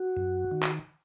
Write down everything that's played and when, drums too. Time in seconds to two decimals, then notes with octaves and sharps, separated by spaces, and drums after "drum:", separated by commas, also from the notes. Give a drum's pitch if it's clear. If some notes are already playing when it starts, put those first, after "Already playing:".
Already playing: F#4
0.17 F#2
0.51 D#3
0.62 drum: clap